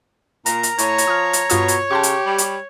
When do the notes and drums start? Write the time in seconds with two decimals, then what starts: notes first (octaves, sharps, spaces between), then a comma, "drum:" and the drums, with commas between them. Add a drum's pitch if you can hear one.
0.46 A#2 A#4 A#5, drum: hi-hat
0.63 drum: hi-hat
0.78 A2 C#5, drum: hi-hat
0.98 drum: hi-hat
1.07 F3 D#6 F6
1.33 drum: hi-hat
1.50 G2 B2 F4 D#6, drum: hi-hat
1.68 drum: hi-hat
1.91 C#3 G4 A5 C6 C#6
2.03 drum: hi-hat
2.26 G3
2.38 drum: hi-hat